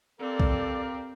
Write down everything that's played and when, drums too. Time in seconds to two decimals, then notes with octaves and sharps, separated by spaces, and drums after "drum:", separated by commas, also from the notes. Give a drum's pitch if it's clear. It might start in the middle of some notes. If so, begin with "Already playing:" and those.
0.20 C4 G4 A4 A#4 D5 F5
0.40 drum: kick